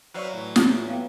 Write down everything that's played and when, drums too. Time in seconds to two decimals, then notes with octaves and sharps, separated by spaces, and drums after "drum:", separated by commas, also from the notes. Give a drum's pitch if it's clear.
0.14 F#3 B4 C5 D5 E5 F5 C#6
0.34 A2 E3
0.56 drum: snare
0.88 B3 B4 F5 G5